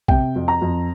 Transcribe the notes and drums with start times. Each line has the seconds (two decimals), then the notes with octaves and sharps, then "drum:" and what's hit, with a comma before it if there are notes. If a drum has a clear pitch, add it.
0.08 C3 G5, drum: kick A#1
0.36 F2
0.48 A#5
0.61 F2